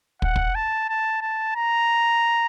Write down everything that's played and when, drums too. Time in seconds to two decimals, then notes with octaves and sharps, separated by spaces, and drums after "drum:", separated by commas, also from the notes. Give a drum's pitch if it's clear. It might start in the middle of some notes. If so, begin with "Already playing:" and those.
0.22 F#5, drum: kick
0.36 drum: kick
0.55 A5
0.89 A5
1.22 A5
1.56 A#5